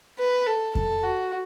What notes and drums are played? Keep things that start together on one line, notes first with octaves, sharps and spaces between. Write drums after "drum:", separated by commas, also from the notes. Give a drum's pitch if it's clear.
B4
A4
A4, drum: kick F2
F#4